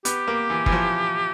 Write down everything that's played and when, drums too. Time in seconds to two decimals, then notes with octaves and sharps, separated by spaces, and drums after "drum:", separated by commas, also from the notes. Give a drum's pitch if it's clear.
0.05 B3 G4, drum: hi-hat
0.28 A#3
0.50 E3
0.66 E3, drum: kick G1
0.72 F3